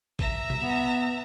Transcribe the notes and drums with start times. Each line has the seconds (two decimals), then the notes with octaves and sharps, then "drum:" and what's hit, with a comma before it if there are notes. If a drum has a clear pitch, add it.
0.19 E5 A#5, drum: kick A1
0.50 drum: tom B2
0.62 B3